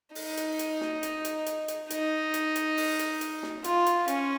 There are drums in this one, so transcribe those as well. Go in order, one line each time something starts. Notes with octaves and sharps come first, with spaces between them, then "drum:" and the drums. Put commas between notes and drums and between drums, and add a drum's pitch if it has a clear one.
D#4, drum: open hi-hat
drum: hi-hat
drum: hi-hat
drum: snare
drum: hi-hat
drum: hi-hat
drum: hi-hat
drum: hi-hat
D#4, drum: hi-hat
drum: hi-hat
drum: hi-hat
drum: open hi-hat
drum: hi-hat
drum: hi-hat
drum: snare
F4, drum: hi-hat
drum: hi-hat
C#4, drum: hi-hat